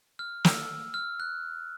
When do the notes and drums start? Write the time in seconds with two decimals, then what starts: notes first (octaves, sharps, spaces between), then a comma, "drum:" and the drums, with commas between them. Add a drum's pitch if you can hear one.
0.19 F6
0.45 E6, drum: snare
0.94 F6
1.20 F#6